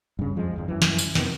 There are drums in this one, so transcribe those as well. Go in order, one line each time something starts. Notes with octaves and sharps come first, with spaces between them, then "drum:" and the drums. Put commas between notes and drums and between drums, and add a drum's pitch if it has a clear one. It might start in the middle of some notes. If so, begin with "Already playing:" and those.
G2 C#3
F2 F3 G#3
D1 G1 E2
F#2 E3
drum: snare
drum: tambourine
F2 C3 D#3 B3, drum: snare